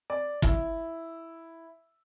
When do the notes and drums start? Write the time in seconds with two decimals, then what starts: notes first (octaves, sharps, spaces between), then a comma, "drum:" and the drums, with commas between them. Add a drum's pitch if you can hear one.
0.10 D5
0.42 E4, drum: kick